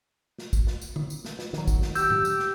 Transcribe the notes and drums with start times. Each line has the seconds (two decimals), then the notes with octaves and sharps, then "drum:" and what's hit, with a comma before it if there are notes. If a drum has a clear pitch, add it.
0.39 drum: snare
0.53 drum: kick, tambourine
0.67 drum: snare
0.82 drum: tambourine
0.96 drum: tom D3
1.10 drum: tambourine
1.25 drum: snare
1.39 drum: snare
1.53 D#3 F#3, drum: snare
1.67 drum: kick, tambourine
1.82 drum: snare
1.95 G4 E6 G6, drum: tambourine
2.10 drum: tom A2
2.25 drum: tambourine
2.39 drum: snare